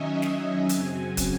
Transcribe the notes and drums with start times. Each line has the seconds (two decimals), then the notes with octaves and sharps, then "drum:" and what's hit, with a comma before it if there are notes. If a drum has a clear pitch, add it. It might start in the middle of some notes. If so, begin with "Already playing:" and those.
Already playing: D#3 F#3 C#4 D#5 E5 G#5
0.22 G#5, drum: snare
0.69 F#2 C#3 F#3 C4 G#5, drum: hi-hat
1.17 drum: kick, hi-hat